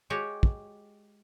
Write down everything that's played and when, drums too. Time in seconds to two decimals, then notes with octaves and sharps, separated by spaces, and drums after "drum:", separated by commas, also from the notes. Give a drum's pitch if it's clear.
0.10 G#3 F#4 G4 C#5
0.43 drum: kick